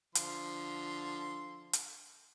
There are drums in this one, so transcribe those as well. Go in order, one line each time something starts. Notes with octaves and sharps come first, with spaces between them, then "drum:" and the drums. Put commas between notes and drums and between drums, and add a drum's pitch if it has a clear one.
D3 F3 C6, drum: hi-hat
drum: hi-hat